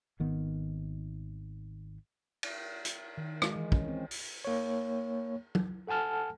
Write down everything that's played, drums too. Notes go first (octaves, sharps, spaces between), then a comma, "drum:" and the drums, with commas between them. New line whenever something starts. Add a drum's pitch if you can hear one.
G#1 D#3 B3
drum: cymbal
drum: hi-hat
D#3
G#3, drum: rim click
E3
C#4, drum: kick
C4
drum: open hi-hat
A#3 C#5
drum: tom
A4 F#5 G#5 A5 F6